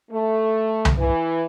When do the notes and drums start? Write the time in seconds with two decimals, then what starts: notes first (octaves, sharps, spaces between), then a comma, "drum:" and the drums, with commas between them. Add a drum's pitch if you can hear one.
0.12 A3
0.85 drum: tom C2
0.98 E3